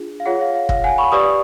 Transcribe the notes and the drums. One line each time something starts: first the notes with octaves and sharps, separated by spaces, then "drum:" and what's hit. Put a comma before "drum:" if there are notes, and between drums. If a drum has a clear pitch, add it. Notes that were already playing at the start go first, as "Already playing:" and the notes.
Already playing: D4 F4 G#4
F5
F4 G#4 C#5 F#5
F5
F5
F5, drum: kick
F#5 G#5
B5 C#6
G4 B4 D5 C#6 D#6